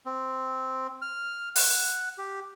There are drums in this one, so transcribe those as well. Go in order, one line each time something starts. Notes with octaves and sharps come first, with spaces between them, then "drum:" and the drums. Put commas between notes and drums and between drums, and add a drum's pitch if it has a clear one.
C4
F6
F#5, drum: open hi-hat
G4